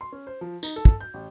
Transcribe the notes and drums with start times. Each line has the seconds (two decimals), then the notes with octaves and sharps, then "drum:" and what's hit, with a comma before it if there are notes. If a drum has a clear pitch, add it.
0.01 C6
0.12 C#4
0.27 C5
0.41 F3
0.63 D#4, drum: tambourine
0.76 A4
0.85 drum: kick
1.01 G6
1.14 A1